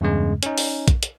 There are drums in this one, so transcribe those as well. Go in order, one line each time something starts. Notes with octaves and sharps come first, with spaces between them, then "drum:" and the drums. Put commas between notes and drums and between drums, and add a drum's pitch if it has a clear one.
E2 G2 C#3 G#3
C#4 D#4, drum: hi-hat
drum: open hi-hat
drum: kick A#1, hi-hat
drum: hi-hat